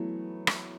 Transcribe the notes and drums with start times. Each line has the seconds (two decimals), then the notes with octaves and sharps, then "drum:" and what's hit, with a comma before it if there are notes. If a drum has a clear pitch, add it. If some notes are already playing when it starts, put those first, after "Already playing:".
Already playing: E3 F#3 A3 B3
0.47 drum: rim click